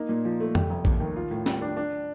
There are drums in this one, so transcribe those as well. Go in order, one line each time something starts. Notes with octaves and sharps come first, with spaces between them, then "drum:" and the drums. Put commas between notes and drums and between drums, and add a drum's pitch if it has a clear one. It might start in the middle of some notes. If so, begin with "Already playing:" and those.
Already playing: A#3 D#4
A#2
F3
A3
G3, drum: tom F2
F1
D#2, drum: kick A#1
D#3
F4
A2
G3, drum: snare
D4
D4